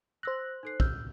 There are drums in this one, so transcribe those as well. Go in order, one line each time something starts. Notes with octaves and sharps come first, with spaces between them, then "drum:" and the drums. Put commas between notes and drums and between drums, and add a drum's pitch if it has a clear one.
C5 E6 F#6 A#6
D#4 A4 C7
E6 F6 G6, drum: kick